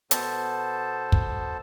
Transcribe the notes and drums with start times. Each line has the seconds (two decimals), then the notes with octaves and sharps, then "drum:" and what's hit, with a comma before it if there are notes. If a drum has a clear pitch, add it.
0.11 B2 B3 A4 C5 A5, drum: hi-hat
1.12 drum: kick